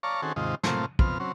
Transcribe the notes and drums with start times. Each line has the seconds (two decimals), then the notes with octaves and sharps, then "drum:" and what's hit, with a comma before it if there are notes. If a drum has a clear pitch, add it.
0.03 C#5 D5 F5 A5 A#5 C#6
0.22 D#3 C4 C#4 F#4 G#4 A4
0.36 D#2 G#2 C3 F4 D#5
0.64 A2 C3 A3 A#3 C4 F4, drum: snare
0.99 F2 B2 C4 F6, drum: kick
1.20 F#3 C4 C#4